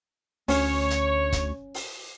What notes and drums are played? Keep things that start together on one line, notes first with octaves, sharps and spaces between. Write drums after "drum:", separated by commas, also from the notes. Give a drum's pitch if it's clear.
D2 C#4 C#5, drum: open hi-hat
drum: hi-hat
drum: kick, hi-hat
drum: open hi-hat